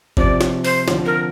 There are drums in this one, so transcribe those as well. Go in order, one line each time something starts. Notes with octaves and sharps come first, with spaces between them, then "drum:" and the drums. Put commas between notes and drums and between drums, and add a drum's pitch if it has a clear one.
C3 F3 C4 D5, drum: kick G1
drum: snare
C5, drum: open hi-hat
D3 F3 C4 F4, drum: snare
A#4